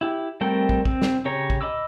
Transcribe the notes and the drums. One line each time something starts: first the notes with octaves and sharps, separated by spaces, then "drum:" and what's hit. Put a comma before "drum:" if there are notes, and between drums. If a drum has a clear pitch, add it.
E4 G4
G3 A3 C4 A#4 G5
drum: kick
C4, drum: kick
drum: snare
C#3 G4 C#5 A#5
drum: kick
D#5 B5 D6 E6